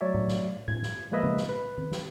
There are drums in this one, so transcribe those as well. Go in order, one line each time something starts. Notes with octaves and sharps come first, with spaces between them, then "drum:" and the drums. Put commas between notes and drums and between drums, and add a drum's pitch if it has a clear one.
F#3 A3 C#5 D5 E5
drum: tom A2
drum: snare
G#6, drum: tom A2
drum: snare
F3 G#3 A#3 B4 D#5 E5
drum: tom C#3
drum: snare
B4
drum: tom D#3
drum: snare